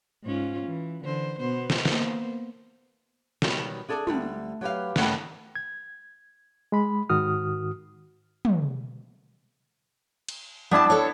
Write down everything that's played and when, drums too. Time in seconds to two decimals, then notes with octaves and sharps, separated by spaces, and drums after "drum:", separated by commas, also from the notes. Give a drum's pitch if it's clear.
0.24 G#2 C#4 F4
0.67 E3
1.04 D3 E3 C5
1.39 B2 B3 C5
1.70 drum: snare
1.85 A#3 B3 C5, drum: snare
3.42 B2 D#3 F#3 G3, drum: snare
3.89 D4 G#4 A4 B4 D5
4.07 D2 G3, drum: tom
4.61 F#3 G4 B4 F5
4.96 G2 C#3 E3 A3 F#5 G5, drum: snare
5.55 G#6
6.72 G#3 B5
7.09 G#2 D#3 F#4 D#6 F6
8.45 drum: tom
10.28 drum: cymbal
10.71 G3 B3 D4 E4 A5
10.90 A4 C#5